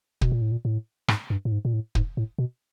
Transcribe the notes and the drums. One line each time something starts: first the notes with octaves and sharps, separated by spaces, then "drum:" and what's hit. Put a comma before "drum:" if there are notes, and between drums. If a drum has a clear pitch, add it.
B2, drum: kick
A#2
A2
A#2
A2
G#2, drum: rim click
G2
A2
G#2
A#2
A2
G#2, drum: kick
A2
B2